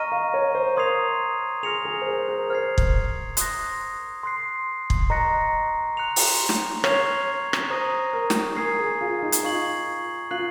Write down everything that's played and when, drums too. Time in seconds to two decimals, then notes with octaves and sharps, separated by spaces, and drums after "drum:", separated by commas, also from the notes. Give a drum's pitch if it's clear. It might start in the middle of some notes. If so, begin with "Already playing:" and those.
Already playing: D#5 A#5 C#6 F6 A#6 D#7
0.12 F5
0.34 C#5
0.55 C5
0.77 A#4 C6 D#6 G#6 C7 F7
1.63 G#4 C6 F6 A#6 C#7 F7
1.85 G#4
2.02 C5
2.07 A#4
2.29 A#4
2.50 C5 F6 G#6 C7
2.78 drum: kick
3.37 C6 D#6 F#6 A#6, drum: hi-hat
4.23 C6 F#6 C7
4.90 drum: kick
5.10 D#5 A#5 C#6 F#6 A#6 C#7
5.97 C6 F#6 C#7 F7
6.16 drum: open hi-hat
6.49 drum: snare
6.84 C#5 C#6 F6 G#6 C7 F7, drum: rim click
7.53 drum: rim click
7.70 C5 A#5 D#6 A#6 D#7
8.13 A#4
8.30 drum: snare
8.57 A#4 G#5 D#6 G#6 C7
8.79 G#4
9.01 F4
9.23 D#4
9.32 drum: hi-hat
9.44 F4 C#6 G#6 C7 F#7
10.31 F4 F#6 C7 F#7